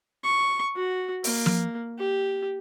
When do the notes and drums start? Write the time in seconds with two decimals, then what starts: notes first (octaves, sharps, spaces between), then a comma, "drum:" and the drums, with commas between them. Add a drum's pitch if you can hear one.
0.23 C#6
0.76 F#4
1.24 A#3, drum: open hi-hat
1.46 drum: tom F3
1.98 G4